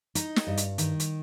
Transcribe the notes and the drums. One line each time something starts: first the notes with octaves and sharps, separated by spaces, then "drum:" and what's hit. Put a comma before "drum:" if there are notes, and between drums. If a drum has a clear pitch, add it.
D#4, drum: hi-hat
drum: snare
G2
drum: hi-hat
D#3, drum: hi-hat
drum: hi-hat